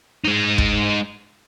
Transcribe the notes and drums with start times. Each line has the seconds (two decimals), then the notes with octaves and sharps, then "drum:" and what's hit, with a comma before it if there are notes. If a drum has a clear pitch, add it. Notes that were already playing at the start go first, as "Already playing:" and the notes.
0.25 G#3 D#4
0.58 drum: kick